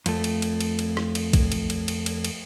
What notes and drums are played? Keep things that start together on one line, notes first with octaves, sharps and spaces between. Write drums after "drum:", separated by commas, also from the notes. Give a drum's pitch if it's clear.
F2 A3, drum: cymbal
drum: cymbal
drum: cymbal
drum: cymbal
drum: cymbal
drum: rim click
drum: cymbal
drum: kick A#1, cymbal
drum: cymbal
drum: cymbal
drum: cymbal
drum: cymbal
drum: cymbal